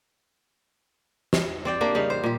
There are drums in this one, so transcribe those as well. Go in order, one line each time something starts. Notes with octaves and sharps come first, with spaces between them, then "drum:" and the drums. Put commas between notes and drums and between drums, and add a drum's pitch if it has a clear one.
drum: snare
C4 D5 G5
A#3 D4 G4 C5
C#3 G3 D#4 F5
C5
A#2 G4